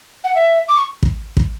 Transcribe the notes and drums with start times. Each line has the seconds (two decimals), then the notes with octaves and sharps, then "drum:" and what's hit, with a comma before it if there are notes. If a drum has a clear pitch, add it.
0.24 F#5
0.35 E5
0.68 D6
0.76 C#6
1.03 drum: kick
1.37 drum: kick